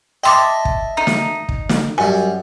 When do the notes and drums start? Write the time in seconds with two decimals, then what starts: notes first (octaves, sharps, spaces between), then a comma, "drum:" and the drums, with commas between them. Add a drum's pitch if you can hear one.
0.24 D#5 E5 G5 A5 C6 D6
0.65 drum: kick
0.97 D#4
1.07 drum: snare
1.49 drum: kick
1.69 drum: snare
1.98 F#2 G3 G#5